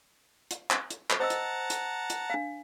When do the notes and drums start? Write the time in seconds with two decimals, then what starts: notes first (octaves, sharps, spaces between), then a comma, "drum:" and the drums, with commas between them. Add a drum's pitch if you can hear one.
0.51 drum: hi-hat
0.71 drum: clap
0.90 drum: hi-hat
1.10 drum: clap
1.20 C5 D#5 F#5 A5 A#5 E6
1.30 drum: hi-hat
1.70 drum: hi-hat
2.10 drum: hi-hat
2.30 D4 F5